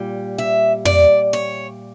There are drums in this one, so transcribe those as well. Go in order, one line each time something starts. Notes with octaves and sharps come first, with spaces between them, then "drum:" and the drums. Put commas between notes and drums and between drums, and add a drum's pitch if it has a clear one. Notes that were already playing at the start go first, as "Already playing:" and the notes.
Already playing: A#2 G3
E5
D5, drum: tom
C#5